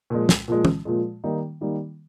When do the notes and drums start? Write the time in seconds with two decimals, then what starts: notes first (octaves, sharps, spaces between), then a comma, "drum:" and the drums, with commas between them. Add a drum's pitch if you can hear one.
0.10 A#2 F3 G#3
0.29 drum: snare
0.48 A#2 F3 G#3
0.65 drum: tom
0.85 A#2 F3 G#3
1.24 D#3 G3 A#3 D#4
1.61 D#3 G3 A#3 D#4